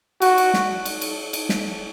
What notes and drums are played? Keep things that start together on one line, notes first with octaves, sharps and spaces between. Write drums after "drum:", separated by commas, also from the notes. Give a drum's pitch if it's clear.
F#4, drum: cymbal
drum: cymbal
drum: snare
drum: cymbal
drum: cymbal
drum: cymbal
drum: snare